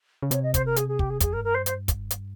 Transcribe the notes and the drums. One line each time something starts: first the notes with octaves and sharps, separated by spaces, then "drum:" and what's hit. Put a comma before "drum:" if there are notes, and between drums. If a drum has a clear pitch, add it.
C#3
C3 C#5, drum: hi-hat
D#5
C5, drum: kick, hi-hat
A#4
G#4, drum: hi-hat
G#4
G4, drum: kick
G#4
F2 G#4, drum: kick, hi-hat
A#4
G#2
G2 A#4
C5
C5, drum: hi-hat
drum: kick, hi-hat
drum: hi-hat